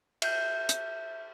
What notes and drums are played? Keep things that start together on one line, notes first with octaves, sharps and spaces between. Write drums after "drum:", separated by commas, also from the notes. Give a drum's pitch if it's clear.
E5 G6, drum: cymbal
drum: hi-hat